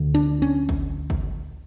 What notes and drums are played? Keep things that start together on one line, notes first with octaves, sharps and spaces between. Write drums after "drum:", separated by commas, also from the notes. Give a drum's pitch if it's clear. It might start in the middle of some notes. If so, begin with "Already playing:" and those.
Already playing: D2 D3
D4
C#4
drum: kick
drum: kick